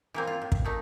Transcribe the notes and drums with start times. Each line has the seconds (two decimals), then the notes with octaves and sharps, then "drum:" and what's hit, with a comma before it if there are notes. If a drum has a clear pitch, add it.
0.14 E3 A#3 C4
0.27 F4
0.42 A2
0.52 drum: kick
0.65 A#2 A3 D#4